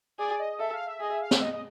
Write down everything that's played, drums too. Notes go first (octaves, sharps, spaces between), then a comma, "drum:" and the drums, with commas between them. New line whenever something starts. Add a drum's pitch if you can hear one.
G#4 D5
D#5
A4 E5
F5
E5
G#4 D#5
E5
F5
E5, drum: snare
D#5
D#5